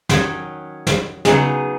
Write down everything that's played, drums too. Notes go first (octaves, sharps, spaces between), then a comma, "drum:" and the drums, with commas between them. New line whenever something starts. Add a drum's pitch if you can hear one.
D#3 F#3 C#4, drum: snare
drum: snare
C#3 F#3 B3 D#4 G#4, drum: snare